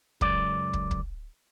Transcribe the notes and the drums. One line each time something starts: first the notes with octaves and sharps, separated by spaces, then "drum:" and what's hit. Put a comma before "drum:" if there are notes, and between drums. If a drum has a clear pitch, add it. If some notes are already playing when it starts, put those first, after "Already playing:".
C#2 F#2 D5, drum: kick
drum: kick
drum: kick